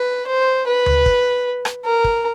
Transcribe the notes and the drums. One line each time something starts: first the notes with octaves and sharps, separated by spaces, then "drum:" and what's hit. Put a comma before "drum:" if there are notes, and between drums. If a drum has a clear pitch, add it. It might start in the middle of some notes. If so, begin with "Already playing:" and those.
Already playing: B4
C5
B4
drum: tom D2
drum: kick
drum: rim click
A#4
drum: kick